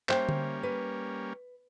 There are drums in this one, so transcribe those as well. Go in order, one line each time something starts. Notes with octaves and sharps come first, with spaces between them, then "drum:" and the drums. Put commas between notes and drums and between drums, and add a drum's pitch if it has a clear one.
G3 A#3 C#4 C5 E5 G5, drum: clap
drum: tom D3
B4